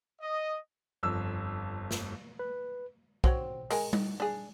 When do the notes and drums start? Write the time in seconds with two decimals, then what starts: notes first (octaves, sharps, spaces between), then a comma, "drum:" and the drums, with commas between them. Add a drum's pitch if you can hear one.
0.22 D#5
1.03 G1 F2 E6
1.91 drum: snare
2.39 B4
3.24 C4 F#4 C#5, drum: kick
3.70 G#3 A#4 G#5, drum: open hi-hat
3.93 D#3, drum: tom G3
4.20 D4 G#4